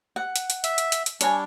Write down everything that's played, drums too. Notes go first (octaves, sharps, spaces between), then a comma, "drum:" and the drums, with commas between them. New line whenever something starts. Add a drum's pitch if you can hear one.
F#5
drum: hi-hat
drum: hi-hat
E5, drum: hi-hat
drum: hi-hat
drum: hi-hat
drum: hi-hat
G3 D4 C#5 G#5, drum: hi-hat